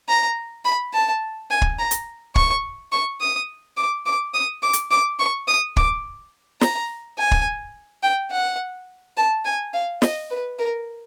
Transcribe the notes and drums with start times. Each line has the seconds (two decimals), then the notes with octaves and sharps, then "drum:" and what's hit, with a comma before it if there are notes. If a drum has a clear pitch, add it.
0.08 A#5
0.65 B5
0.94 A5
1.51 G#5
1.62 drum: kick
1.79 A#5
1.91 drum: hi-hat
2.36 C#6, drum: kick
2.92 C#6
3.21 D#6
3.77 D6
4.06 D6
4.34 D#6
4.63 D6
4.73 drum: hi-hat
4.91 D6
5.19 C#6
5.48 D#6
5.77 D6, drum: kick
6.61 A#5, drum: snare
7.18 G#5
7.31 drum: kick
8.03 G5
8.31 F#5
9.17 A5
9.45 G#5
9.74 F5
10.02 D#5, drum: snare
10.30 B4
10.59 A#4